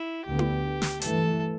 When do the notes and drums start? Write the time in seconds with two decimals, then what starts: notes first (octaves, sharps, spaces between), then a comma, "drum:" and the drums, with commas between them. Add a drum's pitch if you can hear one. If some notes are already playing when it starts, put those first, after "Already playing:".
Already playing: E4
0.26 D2 D3 B3 G4
0.39 drum: tom E4
0.82 drum: snare
1.02 G2 E3 A3 A4, drum: hi-hat